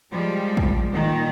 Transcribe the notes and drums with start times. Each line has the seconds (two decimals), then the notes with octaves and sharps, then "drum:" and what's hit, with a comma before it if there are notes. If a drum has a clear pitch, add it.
0.11 F3 G3 G#3
0.57 drum: kick
0.93 A#2 D#3